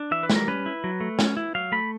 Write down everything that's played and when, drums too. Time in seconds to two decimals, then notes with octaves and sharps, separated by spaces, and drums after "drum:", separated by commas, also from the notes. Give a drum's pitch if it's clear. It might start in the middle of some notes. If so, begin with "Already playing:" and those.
Already playing: D4
0.11 E3 E5
0.23 B4
0.30 G3, drum: snare
0.35 A#4
0.48 C#4 B4
0.66 E4
0.84 F#3
1.00 A3
1.19 C#4, drum: snare
1.37 E4
1.55 F#3 F5
1.72 A3 B5